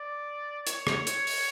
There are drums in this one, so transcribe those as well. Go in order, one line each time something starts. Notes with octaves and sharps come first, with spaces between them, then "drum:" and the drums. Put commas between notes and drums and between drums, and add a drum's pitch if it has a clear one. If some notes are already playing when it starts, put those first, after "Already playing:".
Already playing: D5
C#5, drum: hi-hat
drum: rim click
drum: hi-hat
drum: open hi-hat